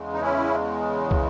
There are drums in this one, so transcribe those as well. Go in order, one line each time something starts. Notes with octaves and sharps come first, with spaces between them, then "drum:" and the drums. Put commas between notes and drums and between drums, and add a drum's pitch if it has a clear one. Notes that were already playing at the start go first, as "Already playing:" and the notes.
Already playing: E2 C#3 G#3
D#4
C#4 E4
drum: kick